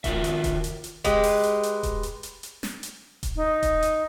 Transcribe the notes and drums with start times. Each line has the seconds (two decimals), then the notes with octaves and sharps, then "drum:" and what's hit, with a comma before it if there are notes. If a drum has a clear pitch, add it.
0.04 D#3 F4 F#4 A#4 E5, drum: kick D#1, hi-hat
0.24 drum: hi-hat
0.44 drum: kick D#1, hi-hat
0.64 drum: hi-hat
0.84 drum: hi-hat
1.05 G#3 G4 B4, drum: kick D#1, hi-hat
1.23 drum: open hi-hat
1.43 drum: hi-hat
1.63 drum: hi-hat
1.83 drum: kick D#1, hi-hat
2.03 drum: hi-hat
2.23 drum: hi-hat
2.43 drum: hi-hat
2.63 drum: snare
2.83 drum: hi-hat
3.23 drum: kick D#1, hi-hat
3.36 D#4
3.63 drum: kick D#1, hi-hat
3.82 drum: hi-hat